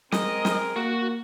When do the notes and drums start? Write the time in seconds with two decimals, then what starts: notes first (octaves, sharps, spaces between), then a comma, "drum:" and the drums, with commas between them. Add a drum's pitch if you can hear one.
0.12 G#3 C4 G#4 A#4 D#5, drum: snare
0.45 drum: snare
0.76 A#3 F#4